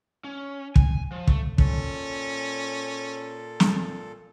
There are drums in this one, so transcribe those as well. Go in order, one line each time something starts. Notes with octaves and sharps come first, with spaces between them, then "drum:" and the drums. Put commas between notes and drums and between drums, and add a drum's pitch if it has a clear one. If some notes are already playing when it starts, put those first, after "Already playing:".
C#4
G#5, drum: kick
F3
A3, drum: kick
A#2 C#4 A4, drum: kick
drum: snare